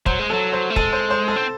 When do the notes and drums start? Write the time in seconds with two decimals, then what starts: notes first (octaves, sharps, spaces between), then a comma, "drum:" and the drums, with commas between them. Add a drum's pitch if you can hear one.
0.06 F#3 C5, drum: kick
0.19 G#3
0.30 F#3 A4
0.53 C5
0.70 A3
0.76 G#3 A4, drum: kick
0.93 C5
1.10 C5
1.28 A4
1.36 C4